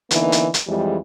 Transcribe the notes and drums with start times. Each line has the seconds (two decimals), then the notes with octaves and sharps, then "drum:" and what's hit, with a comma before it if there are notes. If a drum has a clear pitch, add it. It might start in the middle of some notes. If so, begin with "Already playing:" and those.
0.11 D3 E3 A#3 B3 D#4, drum: hi-hat
0.32 drum: hi-hat
0.54 drum: hi-hat
0.67 F2 E3 G3 G#3